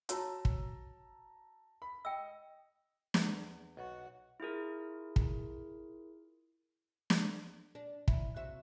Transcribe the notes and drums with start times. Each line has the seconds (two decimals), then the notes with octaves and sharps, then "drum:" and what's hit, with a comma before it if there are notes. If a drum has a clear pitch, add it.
0.09 F#4 C#5 A5 A#5 C6 E6, drum: hi-hat
0.45 drum: kick
1.82 B5
2.05 D#5 G5 E6
3.14 E2, drum: snare
3.77 B1 F#4 F#5
4.40 E4 F4 G#4 A#4
5.16 drum: kick
7.10 drum: snare
7.75 D4
8.08 E4, drum: kick
8.36 C3 F#4 E5